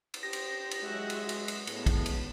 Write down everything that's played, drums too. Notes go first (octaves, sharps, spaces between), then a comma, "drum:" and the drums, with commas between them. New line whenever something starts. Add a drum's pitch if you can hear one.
drum: cymbal
G4 C5 A#6
drum: cymbal
drum: cymbal
F#3 G#3 F#4 E5
drum: cymbal
drum: cymbal
drum: cymbal
A2 G#3 B3, drum: cymbal
drum: kick, cymbal
drum: cymbal